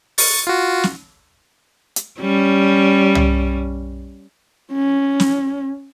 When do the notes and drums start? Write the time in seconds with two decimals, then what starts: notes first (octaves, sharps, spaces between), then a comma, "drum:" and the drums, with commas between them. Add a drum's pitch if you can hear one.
0.18 C#6 A6, drum: open hi-hat
0.47 F4 F#4
0.84 drum: snare
1.96 drum: hi-hat
2.20 G3 C#4
3.15 drum: tom
4.73 C#4
5.20 drum: snare